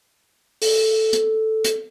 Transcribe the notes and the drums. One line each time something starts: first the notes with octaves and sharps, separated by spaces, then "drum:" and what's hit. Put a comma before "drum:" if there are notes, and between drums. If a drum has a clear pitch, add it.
A4, drum: open hi-hat
drum: hi-hat
drum: hi-hat